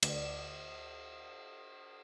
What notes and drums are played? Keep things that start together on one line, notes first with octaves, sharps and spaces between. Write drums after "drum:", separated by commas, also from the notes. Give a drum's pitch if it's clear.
D2 D5, drum: cymbal